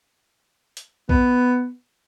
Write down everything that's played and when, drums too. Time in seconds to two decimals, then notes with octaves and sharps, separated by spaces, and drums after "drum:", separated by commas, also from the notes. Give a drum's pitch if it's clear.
0.77 drum: hi-hat
1.09 B3, drum: kick A#1